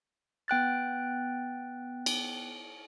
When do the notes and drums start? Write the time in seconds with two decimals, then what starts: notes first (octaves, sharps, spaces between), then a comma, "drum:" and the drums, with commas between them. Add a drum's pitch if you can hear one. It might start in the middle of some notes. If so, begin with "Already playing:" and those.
0.48 B3 G5 F#6 A6
2.06 drum: cymbal